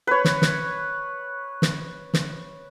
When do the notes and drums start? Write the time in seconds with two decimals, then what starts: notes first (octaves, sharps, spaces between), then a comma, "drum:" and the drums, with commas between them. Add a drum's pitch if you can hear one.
0.07 B4 C#5
0.25 drum: snare
0.42 drum: snare
1.62 drum: snare
2.14 drum: snare